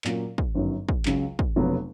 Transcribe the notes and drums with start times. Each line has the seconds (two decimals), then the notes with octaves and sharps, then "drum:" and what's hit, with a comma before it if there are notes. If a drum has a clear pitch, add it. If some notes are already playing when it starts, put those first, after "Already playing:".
0.04 A#2 F#3 A#3 C#4 F4, drum: clap
0.38 drum: kick
0.55 G1 F#2 D#3 F#3
0.89 drum: kick
1.05 C#2 C#3 F#3, drum: clap
1.39 drum: kick
1.56 F1 F2 C#3 F#3 B3